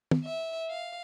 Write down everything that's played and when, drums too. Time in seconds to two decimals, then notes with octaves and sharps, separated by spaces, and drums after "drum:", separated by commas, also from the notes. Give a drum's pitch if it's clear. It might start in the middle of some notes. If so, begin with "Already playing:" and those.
0.11 drum: tom
0.24 E5
0.70 F5